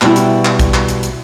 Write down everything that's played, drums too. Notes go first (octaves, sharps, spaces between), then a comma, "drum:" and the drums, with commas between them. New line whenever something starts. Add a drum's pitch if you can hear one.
B2 G3 E4, drum: clap
drum: hi-hat
drum: clap
drum: kick A#1, hi-hat
drum: clap
drum: hi-hat
drum: hi-hat